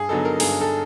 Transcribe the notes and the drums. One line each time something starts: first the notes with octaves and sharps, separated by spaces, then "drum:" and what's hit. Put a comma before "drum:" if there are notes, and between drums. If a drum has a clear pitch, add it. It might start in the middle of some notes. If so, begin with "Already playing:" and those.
Already playing: G2 G#4
D3 F#3 B3 D#4 A4
A#4
G2 G#4, drum: open hi-hat
A4